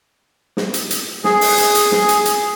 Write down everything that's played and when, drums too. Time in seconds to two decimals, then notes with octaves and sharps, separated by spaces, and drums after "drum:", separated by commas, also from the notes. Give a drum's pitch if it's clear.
0.57 drum: snare
0.74 drum: hi-hat
0.91 drum: hi-hat
1.24 G#4, drum: snare
1.41 drum: open hi-hat
1.58 drum: hi-hat
1.75 drum: hi-hat
1.92 drum: snare
2.09 drum: hi-hat
2.25 drum: hi-hat